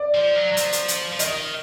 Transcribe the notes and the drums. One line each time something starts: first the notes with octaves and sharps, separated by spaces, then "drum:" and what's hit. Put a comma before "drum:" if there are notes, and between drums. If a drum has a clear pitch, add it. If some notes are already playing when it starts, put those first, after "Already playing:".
Already playing: D5
F3
F#3
F#3
F3, drum: hi-hat
drum: hi-hat
drum: hi-hat
F3
D#3 D#5, drum: hi-hat